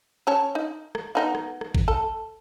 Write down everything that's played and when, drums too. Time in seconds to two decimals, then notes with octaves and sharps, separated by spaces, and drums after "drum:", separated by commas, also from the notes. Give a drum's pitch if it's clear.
0.27 C#4 C#5 A5
0.55 D#4
0.95 drum: rim click
1.15 B3 D#4 F#4
1.35 drum: rim click
1.61 drum: rim click
1.75 drum: kick G#1
1.88 A4